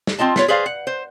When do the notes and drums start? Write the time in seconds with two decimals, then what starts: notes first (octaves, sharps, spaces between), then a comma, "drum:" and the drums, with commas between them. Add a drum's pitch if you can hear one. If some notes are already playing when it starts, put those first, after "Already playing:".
0.07 drum: snare
0.19 C4 F4 D#5 A5
0.36 B3 F4 C#5, drum: snare
0.48 G#4 B4 C5 D5 F5
0.66 F#5
0.87 C5